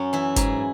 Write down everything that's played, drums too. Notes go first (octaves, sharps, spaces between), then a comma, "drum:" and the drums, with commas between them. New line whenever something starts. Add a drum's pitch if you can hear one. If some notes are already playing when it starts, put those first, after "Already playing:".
Already playing: F#2 C#4
E3 E4
G#2 G#4, drum: kick F#1, hi-hat